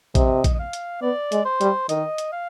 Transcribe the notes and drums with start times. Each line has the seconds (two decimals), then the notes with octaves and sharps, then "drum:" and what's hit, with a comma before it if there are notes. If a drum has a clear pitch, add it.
0.15 C3 D#5, drum: kick, hi-hat
0.44 drum: kick, hi-hat
0.54 D#5
0.59 F5
0.73 drum: hi-hat
1.02 B3 D5
1.32 G#3, drum: hi-hat
1.45 C5
1.61 G3, drum: hi-hat
1.89 D#3 D#5, drum: hi-hat
2.18 drum: hi-hat
2.33 F5